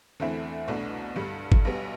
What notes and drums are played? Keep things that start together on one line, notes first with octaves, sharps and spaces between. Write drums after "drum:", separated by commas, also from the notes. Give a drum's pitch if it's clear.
E2 D3 A3 C4 E4
C2 B2 A3 D4
G2 D3 G3
drum: kick
B1 B2 G3 B3